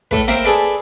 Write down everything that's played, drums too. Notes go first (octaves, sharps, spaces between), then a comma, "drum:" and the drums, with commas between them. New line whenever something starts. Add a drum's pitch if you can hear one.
A2 A3 B4, drum: kick, hi-hat
A#3 C4 A#4 C5 E5
G#4 A4 B4 D5